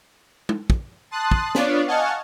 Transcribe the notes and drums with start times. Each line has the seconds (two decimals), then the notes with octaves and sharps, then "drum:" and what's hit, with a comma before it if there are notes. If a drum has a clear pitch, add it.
0.49 drum: tom G#3
0.70 drum: kick
1.11 A5 C6 D#6 F#6
1.31 drum: kick
1.55 B3 D4 F4 C#5 D5, drum: snare
1.87 D#5 F5 F#5 G#5 A5 C#6